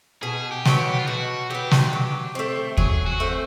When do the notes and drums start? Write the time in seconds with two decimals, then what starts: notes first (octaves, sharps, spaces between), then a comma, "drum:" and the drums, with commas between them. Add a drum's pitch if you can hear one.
0.23 B2 G#4
0.51 G4
0.65 F#3 B3, drum: snare
0.79 G4
0.99 F4
1.07 B2 F#4
1.50 F#3 B3 G4
1.71 drum: snare
1.93 F#3
2.35 A3 C4
2.77 F#3 G#4, drum: kick
3.06 F#4
3.20 A3 C4